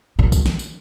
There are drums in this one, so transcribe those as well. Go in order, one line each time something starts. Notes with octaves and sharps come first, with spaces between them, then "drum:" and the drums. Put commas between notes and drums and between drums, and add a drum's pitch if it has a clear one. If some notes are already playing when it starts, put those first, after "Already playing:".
A#2
drum: kick, tambourine
drum: snare
drum: tambourine